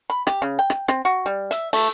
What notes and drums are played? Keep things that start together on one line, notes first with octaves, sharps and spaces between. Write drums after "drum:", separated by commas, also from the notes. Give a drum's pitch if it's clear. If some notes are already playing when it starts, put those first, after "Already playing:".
B5
G4, drum: rim click
C#3
G5
drum: rim click
C4, drum: rim click
F#4
G3
E5, drum: hi-hat
A3, drum: open hi-hat